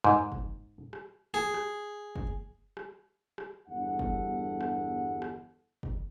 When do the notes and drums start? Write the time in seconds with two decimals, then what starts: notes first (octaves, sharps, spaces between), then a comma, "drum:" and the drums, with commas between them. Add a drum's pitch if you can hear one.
0.04 G#2
0.32 drum: kick
0.93 drum: rim click
1.34 G#4
1.54 drum: rim click
2.16 drum: kick
2.77 drum: rim click
3.38 drum: rim click
3.69 G1 E2 G2 A4 F#5
3.99 drum: kick
4.61 drum: rim click
5.22 drum: rim click
5.83 drum: kick